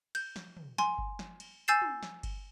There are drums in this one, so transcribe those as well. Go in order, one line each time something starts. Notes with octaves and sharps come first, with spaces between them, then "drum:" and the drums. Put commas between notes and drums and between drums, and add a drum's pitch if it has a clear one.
G6, drum: cymbal
drum: snare
drum: tom
G#5 C6, drum: snare
drum: kick G1
drum: snare
drum: cymbal
G#5 E6 G6 A6 C7 E7
drum: tom
drum: snare
drum: kick G1, cymbal